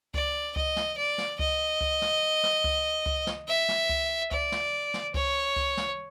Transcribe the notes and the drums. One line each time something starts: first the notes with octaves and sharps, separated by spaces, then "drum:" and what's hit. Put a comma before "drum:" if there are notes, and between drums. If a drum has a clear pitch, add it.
D5, drum: kick C#2
D#5, drum: kick C#2
drum: snare
D5
drum: snare
D#5, drum: kick C#2
drum: kick C#2
drum: snare
drum: snare
drum: kick C#2
drum: kick C#2
drum: snare
E5
drum: snare
drum: kick C#2
D5, drum: kick C#2
drum: snare
drum: snare
C#5, drum: kick C#2
drum: kick C#2
drum: snare